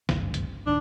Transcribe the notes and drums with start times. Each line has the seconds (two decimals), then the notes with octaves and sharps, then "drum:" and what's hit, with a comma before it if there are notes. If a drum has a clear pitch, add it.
0.09 G1 C#2 F#2, drum: snare
0.34 drum: hi-hat
0.67 D1 D#3 D4